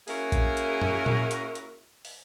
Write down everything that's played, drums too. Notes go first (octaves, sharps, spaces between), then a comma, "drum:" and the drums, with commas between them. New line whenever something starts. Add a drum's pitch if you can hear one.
A#3 C#4 E4 F#4 G#4 A#4, drum: open hi-hat
drum: kick A#1, hi-hat
drum: hi-hat
drum: tom F#2
drum: tom A#2
drum: hi-hat
drum: hi-hat
drum: open hi-hat